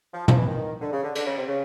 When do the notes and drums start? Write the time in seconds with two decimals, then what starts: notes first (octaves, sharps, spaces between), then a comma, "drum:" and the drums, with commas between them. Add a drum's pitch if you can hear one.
0.13 F3
0.28 F3, drum: tom
0.37 E3
0.47 D#3
0.81 D3
0.92 C#3
1.03 D3
1.15 D3, drum: cymbal
1.26 C#3
1.37 C3
1.47 C#3